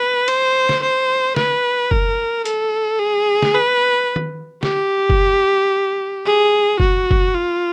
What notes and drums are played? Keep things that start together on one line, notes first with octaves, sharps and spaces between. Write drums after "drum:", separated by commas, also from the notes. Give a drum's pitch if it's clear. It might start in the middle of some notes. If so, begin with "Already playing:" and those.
Already playing: B4
C5, drum: cymbal
drum: snare
C5
B4, drum: snare
A#4, drum: kick F#1
A4, drum: hi-hat
G#4
drum: snare
B4
drum: tom D#3
G4, drum: snare
drum: kick F#1
G#4
F#4, drum: kick F#1
drum: kick F#1
F4